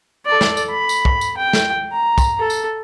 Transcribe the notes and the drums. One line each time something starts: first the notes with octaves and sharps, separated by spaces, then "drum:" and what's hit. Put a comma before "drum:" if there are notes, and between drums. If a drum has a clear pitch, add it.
A4 D5
drum: snare
drum: tambourine
B5
drum: tambourine
drum: kick
drum: tambourine
G5
drum: snare
A#5
drum: kick, tambourine
A4
drum: tambourine